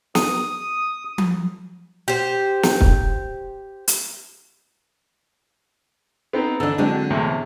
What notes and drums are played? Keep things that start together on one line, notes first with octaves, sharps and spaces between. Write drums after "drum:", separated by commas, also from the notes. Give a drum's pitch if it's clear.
D#6, drum: snare
drum: tom F3
G4 C5
drum: snare
drum: kick
drum: hi-hat
B3 C4 D#4
D3 E3 D4 A4
D3 F#3 G#3 C4 D4
E2 A2 C3